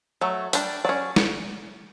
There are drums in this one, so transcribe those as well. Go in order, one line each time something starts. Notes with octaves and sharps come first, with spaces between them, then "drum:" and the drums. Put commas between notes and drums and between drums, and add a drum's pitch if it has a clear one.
F#3 A3
G3 D4, drum: hi-hat
F#3 C#4 D5
drum: snare